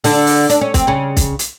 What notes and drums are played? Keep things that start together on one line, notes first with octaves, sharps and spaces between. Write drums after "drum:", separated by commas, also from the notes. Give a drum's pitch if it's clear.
D3 D4, drum: open hi-hat
drum: open hi-hat
D4, drum: hi-hat
C#4
C4, drum: kick, hi-hat
C#3 C#4
drum: kick, hi-hat
drum: hi-hat